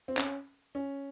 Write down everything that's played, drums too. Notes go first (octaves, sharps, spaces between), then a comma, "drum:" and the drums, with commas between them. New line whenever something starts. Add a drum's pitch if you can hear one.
C4
C#4, drum: clap
C#4